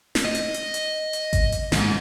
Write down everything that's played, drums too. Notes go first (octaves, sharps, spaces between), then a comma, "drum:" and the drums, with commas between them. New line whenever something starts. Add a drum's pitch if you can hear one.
drum: snare
D#5
drum: hi-hat
drum: hi-hat
drum: hi-hat
drum: hi-hat
drum: kick G#1, hi-hat
drum: hi-hat
D#2 G#2, drum: snare